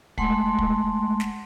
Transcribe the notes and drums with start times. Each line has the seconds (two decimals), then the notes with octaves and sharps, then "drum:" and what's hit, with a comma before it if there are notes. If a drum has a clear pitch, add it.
0.18 G#3 A3 F#5 C6, drum: kick
0.58 drum: kick
1.20 drum: snare